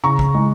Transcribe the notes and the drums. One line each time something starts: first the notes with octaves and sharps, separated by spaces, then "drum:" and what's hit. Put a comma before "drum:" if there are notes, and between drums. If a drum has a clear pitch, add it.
C#3 A#5 C#6
drum: kick
G#3